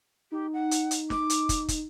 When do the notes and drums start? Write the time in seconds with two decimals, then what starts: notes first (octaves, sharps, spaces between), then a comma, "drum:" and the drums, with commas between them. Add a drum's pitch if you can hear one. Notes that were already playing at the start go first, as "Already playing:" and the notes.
0.32 D#4 G4
0.53 F#5
0.71 drum: hi-hat
0.91 drum: hi-hat
1.10 D6, drum: snare
1.30 drum: hi-hat
1.49 drum: kick, hi-hat
1.68 drum: kick, hi-hat